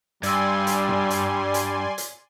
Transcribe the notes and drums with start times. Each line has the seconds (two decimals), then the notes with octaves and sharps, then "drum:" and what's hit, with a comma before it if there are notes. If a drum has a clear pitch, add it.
0.23 G2 G3 D5 G#5 C6 E6 G#6, drum: hi-hat
0.67 drum: hi-hat
0.89 drum: tom
1.10 drum: hi-hat
1.54 drum: hi-hat
1.98 drum: hi-hat